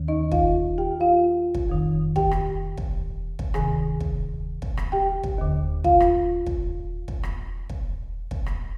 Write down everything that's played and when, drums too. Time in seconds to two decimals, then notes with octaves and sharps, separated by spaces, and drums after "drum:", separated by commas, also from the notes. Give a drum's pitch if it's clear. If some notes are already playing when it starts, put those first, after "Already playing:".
Already playing: D#2 D#3
0.08 D#4 D#5
0.32 F4 F5, drum: kick
0.78 G4 G5
1.00 F4 F5
1.55 drum: kick
1.69 F2 D#3
2.16 G4 G5, drum: kick
2.31 drum: rim click
2.78 drum: kick
3.39 drum: kick
3.54 D2 C3 D#3 G#4 G#5, drum: rim click
4.01 drum: kick
4.62 drum: kick
4.77 drum: rim click
4.92 G4 G5
5.24 drum: kick
5.38 D#2 D3
5.84 F4 F5, drum: kick
6.00 drum: rim click
6.47 drum: kick
7.08 drum: kick
7.23 drum: rim click
7.70 drum: kick
8.31 drum: kick
8.46 drum: rim click